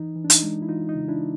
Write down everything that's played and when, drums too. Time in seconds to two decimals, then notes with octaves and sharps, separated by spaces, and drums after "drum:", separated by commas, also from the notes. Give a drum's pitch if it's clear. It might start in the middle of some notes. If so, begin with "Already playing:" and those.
Already playing: E3 D#4
0.16 E3
0.24 D4
0.30 D#4, drum: hi-hat
0.43 G#3
0.62 E4
0.68 E3 D#4 F4
0.89 D#4
0.95 C#3
1.08 D4 E4